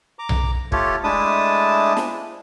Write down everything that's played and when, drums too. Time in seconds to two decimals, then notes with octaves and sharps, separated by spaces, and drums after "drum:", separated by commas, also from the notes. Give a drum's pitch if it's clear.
0.19 A#5 D6
0.29 drum: tom B1
0.72 A3 F4 G4 A4 C#5, drum: kick
1.04 G#3 A3 D4 E4 A5 D#6
1.97 drum: snare